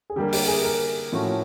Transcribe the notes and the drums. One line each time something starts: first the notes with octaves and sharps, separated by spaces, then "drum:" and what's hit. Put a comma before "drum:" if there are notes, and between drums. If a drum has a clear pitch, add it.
G#4
D3 G3 A#3 G4
G4, drum: open hi-hat
G#4
A#4
A2 F3 A3 C#4 F#4